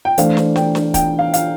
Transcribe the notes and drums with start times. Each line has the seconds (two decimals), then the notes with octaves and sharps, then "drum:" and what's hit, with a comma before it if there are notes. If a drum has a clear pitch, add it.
0.05 G5
0.18 E3 A3 D4 A4 C5 F5, drum: hi-hat
0.37 drum: snare
0.56 G5, drum: snare
0.75 drum: snare
0.94 G5, drum: kick, hi-hat
1.19 F5
1.33 F5, drum: hi-hat